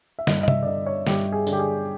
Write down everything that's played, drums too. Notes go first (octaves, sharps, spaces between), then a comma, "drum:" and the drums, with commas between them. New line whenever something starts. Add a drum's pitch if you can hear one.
E5
G2 D#5, drum: snare
D#5
E5, drum: tom C3
D5
D3 D#5
C#5
G2 G4, drum: snare
G#4
D3, drum: tambourine
G4
G#4